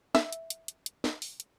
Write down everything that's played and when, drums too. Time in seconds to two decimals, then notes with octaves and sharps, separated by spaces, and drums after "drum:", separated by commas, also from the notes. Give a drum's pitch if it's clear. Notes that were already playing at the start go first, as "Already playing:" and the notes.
0.15 E5, drum: snare
0.33 drum: hi-hat
0.50 drum: hi-hat
0.68 drum: hi-hat
0.86 drum: hi-hat
1.04 drum: snare
1.22 drum: open hi-hat
1.40 drum: hi-hat